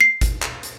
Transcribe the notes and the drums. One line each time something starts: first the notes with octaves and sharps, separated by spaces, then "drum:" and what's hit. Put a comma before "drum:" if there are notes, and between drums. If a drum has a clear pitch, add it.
C7
drum: kick G#1, hi-hat
drum: clap
drum: hi-hat